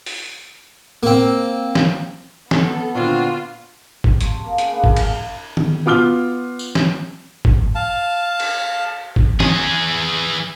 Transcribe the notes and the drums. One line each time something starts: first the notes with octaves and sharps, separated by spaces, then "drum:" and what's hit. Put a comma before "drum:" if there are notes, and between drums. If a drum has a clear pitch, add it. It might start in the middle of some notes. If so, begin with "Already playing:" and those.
drum: open hi-hat
A#3 C4
drum: snare
B3 A4, drum: snare
A#2 D3 C4 D4 F4 F#4
drum: kick
C3 A4 C6 C#6, drum: hi-hat
A#3 G#4
C#3, drum: hi-hat
A#3 B3 D4
E3 G#4 F5 B5, drum: kick
C3, drum: cymbal
drum: tom D#3
B3 F4 D6 F6 G7
drum: tambourine
drum: snare
drum: kick
F5 A5
drum: cymbal
drum: kick
E3 G#4, drum: snare